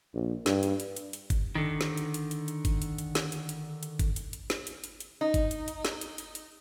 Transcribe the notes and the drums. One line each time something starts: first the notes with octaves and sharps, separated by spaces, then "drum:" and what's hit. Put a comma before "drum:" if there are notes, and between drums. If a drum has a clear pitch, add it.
A#1
G2, drum: snare
drum: hi-hat
drum: hi-hat
drum: hi-hat
drum: hi-hat
drum: kick G1, hi-hat
D3 D#3
drum: snare
drum: hi-hat
drum: hi-hat
drum: hi-hat
drum: hi-hat
drum: kick G1, hi-hat
drum: hi-hat
drum: hi-hat
drum: snare
drum: hi-hat
drum: hi-hat
drum: hi-hat
drum: kick G1, hi-hat
drum: hi-hat
drum: hi-hat
drum: snare
drum: hi-hat
drum: hi-hat
drum: hi-hat
D#4
drum: kick G1, hi-hat
drum: hi-hat
drum: hi-hat
drum: snare
drum: hi-hat
drum: hi-hat
drum: hi-hat